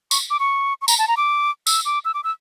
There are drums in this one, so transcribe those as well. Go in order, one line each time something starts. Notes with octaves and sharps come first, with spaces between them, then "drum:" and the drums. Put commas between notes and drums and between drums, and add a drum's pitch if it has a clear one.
C#6, drum: tambourine
D6
C#6
C#6
A#5, drum: tambourine
A5
A#5
D6
E6, drum: tambourine
D6
E6
D6
E6